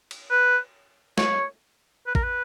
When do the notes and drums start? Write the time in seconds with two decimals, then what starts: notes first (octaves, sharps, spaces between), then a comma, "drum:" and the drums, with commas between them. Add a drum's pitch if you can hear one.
0.11 drum: cymbal
0.31 B4
1.18 C#5, drum: snare
2.07 B4
2.15 A#4, drum: kick A1
2.24 B4